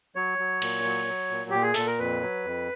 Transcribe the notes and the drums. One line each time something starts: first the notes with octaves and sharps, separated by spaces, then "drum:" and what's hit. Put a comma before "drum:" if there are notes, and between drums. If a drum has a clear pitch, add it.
F#3 C#5
F#3
A#2, drum: cymbal
F#3
F#3
A#2
A#2 G4
G#4
A#2 A4, drum: open hi-hat
A#4
F2 B4
F#3
F2